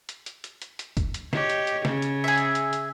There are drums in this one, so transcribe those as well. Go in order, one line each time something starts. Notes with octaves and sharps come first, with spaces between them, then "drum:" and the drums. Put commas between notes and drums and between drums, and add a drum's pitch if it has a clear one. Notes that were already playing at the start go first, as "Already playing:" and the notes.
drum: hi-hat
drum: hi-hat
drum: hi-hat
drum: hi-hat
drum: hi-hat
drum: kick F#1, hi-hat
drum: hi-hat
G4 C#5 D#5, drum: snare
drum: hi-hat
drum: hi-hat
C#3, drum: snare
drum: hi-hat
G#4 E5
drum: hi-hat
drum: hi-hat
drum: hi-hat